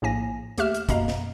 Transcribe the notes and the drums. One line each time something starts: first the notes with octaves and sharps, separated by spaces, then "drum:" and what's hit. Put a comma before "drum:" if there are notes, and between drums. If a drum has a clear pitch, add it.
A#1 A2 A#3 G#5 A#6
D#2 A3 G4 E5 F6 E7, drum: hi-hat
drum: hi-hat
F#2 B2 A#3 D#5 F5 A#5, drum: kick, hi-hat
drum: snare